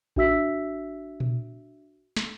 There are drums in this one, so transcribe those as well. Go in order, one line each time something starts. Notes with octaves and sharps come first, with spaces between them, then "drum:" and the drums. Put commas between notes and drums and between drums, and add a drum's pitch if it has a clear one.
D4 F#4 E5 E6 B6, drum: kick A1
drum: tom A#2
drum: snare